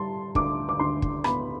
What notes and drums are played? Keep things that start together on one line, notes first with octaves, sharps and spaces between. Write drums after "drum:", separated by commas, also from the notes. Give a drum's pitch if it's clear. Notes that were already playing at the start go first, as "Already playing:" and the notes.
Already playing: G3 A5 C6
D2 D6, drum: kick
D6
D2 C6
drum: kick
B3 B5, drum: rim click